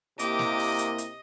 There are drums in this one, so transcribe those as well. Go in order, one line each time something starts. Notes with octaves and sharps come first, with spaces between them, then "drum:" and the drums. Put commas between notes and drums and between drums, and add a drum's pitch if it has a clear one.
C3 A#3 E4 G4 D#5 D6, drum: hi-hat
drum: snare
drum: open hi-hat
drum: hi-hat
drum: hi-hat